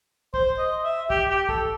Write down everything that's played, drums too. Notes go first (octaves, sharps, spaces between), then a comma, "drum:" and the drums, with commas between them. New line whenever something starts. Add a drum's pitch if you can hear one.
C5, drum: kick
D#5
E5
G4, drum: kick
G4
A4, drum: kick